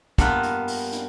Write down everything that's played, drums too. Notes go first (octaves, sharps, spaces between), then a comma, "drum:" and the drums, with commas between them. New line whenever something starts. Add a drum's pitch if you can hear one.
G2 A#3 B3 F4 E5 F#5, drum: kick, hi-hat
drum: hi-hat
drum: open hi-hat
drum: hi-hat